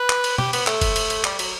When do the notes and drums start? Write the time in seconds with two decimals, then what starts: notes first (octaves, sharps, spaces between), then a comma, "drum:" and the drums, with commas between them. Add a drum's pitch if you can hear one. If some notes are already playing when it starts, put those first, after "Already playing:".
Already playing: B4
0.10 drum: clap
0.24 drum: cymbal
0.38 G4, drum: tom
0.53 B3, drum: cymbal
0.67 A3, drum: clap
0.81 drum: kick F#1, cymbal
0.96 drum: cymbal
1.10 drum: cymbal
1.24 G3, drum: clap
1.39 F#3, drum: cymbal